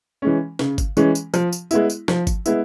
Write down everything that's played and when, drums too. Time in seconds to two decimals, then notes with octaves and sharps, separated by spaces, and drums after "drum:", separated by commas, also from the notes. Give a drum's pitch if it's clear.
0.22 E3 G#3 C#4
0.59 C#3, drum: snare
0.78 drum: kick G1, tambourine
0.97 E3 G#3 C#4, drum: tambourine
1.15 drum: tambourine
1.34 F3, drum: tambourine
1.52 drum: tambourine
1.71 G#3 B3 E4, drum: tambourine
1.90 drum: tambourine
2.08 F3, drum: snare
2.27 drum: kick G1, tambourine
2.46 G#3 B3 E4, drum: tambourine